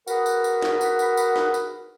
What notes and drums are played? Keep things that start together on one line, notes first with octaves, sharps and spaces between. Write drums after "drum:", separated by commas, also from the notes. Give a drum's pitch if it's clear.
F#4 G#4 A#4 B4, drum: tambourine
drum: tambourine
drum: tambourine
drum: snare
drum: tambourine
drum: tambourine
drum: tambourine
drum: snare
drum: tambourine